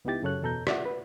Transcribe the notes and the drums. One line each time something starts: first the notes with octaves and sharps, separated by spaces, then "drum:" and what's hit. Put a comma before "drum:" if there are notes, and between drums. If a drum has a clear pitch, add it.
C#2 B3 D#4 E4 G4 A6
F#2 C#3 A4 C#5 F#6
E2 B2 A4 A#5 G6
F4 D5 E5 F#5, drum: rim click
B4